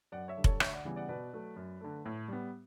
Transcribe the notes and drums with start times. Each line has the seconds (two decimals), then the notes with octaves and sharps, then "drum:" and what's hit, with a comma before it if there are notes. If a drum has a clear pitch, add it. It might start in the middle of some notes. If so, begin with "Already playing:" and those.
0.12 F#2 D5 F#5
0.28 C#5 E5
0.37 D3 G3
0.44 A4 C#5, drum: kick F1
0.60 D2 C#5 E5, drum: rim click
0.72 D5 F#5
0.85 C#3 E3 G3 B3
0.96 D5 F#5
1.08 B2 B4 D5
1.33 F#3 A3
1.56 F#2
1.81 D3 A3
2.06 A2
2.28 G3 B3